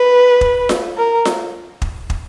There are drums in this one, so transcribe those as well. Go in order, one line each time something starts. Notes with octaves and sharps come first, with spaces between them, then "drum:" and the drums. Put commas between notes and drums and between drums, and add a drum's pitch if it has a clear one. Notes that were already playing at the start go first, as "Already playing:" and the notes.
Already playing: B4
drum: kick
drum: snare F4
A#4
drum: snare F4
drum: kick
drum: kick